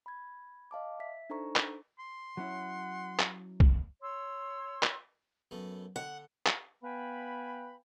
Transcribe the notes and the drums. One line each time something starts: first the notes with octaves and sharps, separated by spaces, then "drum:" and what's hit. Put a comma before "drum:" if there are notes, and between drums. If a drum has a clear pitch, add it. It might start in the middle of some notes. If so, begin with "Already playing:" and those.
B5 G#6
D#5 F5 A5 D6
E5 B6
D4 D#4 A4 C5 A#5 C#6
drum: clap
C6
F#3 C#4 E4 F#5
drum: clap
drum: kick B1
C#5 C6 E6
drum: clap
F#2 A3 B3
D3 F#5
drum: clap
B3 B4 F5 G5 G#5 B5